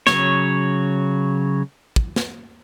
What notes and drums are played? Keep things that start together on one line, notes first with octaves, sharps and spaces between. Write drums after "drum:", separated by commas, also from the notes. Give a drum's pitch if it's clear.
C#3 F#3 C#5, drum: snare
drum: kick
drum: snare